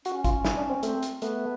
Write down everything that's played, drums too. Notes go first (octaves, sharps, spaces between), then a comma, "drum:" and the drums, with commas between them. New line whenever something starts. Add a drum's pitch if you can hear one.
C#4 F#4, drum: hi-hat
F4, drum: kick G#1, hi-hat
E4, drum: snare
D4
C4
A3 C4, drum: hi-hat
drum: hi-hat
A3 B3, drum: hi-hat